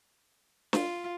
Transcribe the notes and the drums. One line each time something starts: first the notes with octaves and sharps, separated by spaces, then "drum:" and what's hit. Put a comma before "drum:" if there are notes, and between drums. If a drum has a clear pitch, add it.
F4, drum: snare